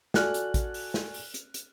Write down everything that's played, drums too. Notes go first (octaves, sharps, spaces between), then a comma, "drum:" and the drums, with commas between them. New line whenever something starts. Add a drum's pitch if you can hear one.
F#4 A4 D5 G#5 F6 F#6, drum: snare
drum: hi-hat
drum: kick A1, hi-hat
drum: open hi-hat
drum: snare
drum: open hi-hat
drum: hi-hat
drum: hi-hat